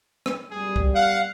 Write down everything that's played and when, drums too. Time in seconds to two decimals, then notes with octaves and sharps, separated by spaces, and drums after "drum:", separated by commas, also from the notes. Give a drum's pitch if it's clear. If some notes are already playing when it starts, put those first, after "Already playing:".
0.26 drum: rim click
0.51 F#2 B2 G3 G#4
0.76 drum: kick
0.95 F5 F#5